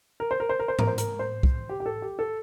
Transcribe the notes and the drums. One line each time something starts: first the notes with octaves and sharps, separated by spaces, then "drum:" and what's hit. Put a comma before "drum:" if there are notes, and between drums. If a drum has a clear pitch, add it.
A#4
C5
A#4
C5
A#4
C5
A#4, drum: tom G#2
C5
A#4, drum: hi-hat
C5
drum: kick
G4
G4
A4
G4
A4